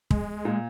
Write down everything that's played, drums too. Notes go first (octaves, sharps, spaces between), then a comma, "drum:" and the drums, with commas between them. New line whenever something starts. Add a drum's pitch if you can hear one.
G#3, drum: kick
A#2